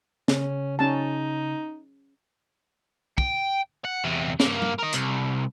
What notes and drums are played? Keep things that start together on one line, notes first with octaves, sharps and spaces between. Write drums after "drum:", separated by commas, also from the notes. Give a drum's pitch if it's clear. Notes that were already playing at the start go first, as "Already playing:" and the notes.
C#3 C#4, drum: snare
C#4 D#4 A5
G5, drum: kick
F#5
E2 C3
G2 A#3, drum: snare
drum: tom
A#4 D#5
C2, drum: hi-hat